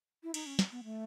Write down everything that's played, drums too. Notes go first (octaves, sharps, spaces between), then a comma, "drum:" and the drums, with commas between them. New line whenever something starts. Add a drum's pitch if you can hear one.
E4
D#4, drum: cymbal
C#4
drum: snare
B3
A3